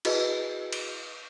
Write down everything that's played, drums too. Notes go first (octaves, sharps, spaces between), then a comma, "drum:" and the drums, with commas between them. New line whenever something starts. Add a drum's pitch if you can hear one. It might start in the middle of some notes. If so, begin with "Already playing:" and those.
E4 F#4 G#4 B4 D#5, drum: cymbal
drum: cymbal